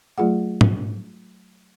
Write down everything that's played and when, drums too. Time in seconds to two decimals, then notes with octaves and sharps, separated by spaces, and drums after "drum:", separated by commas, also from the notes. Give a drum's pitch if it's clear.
0.18 F#3 A3 F4 G#4 F#5
0.61 drum: tom